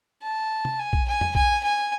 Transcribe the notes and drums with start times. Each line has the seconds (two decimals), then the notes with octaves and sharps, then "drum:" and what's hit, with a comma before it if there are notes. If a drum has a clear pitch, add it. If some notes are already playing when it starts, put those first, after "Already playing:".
0.23 A5
0.65 drum: tom
0.79 G#5
0.93 drum: kick A#1
1.08 G#5
1.21 drum: tom E2
1.35 G#5, drum: kick A#1
1.63 G#5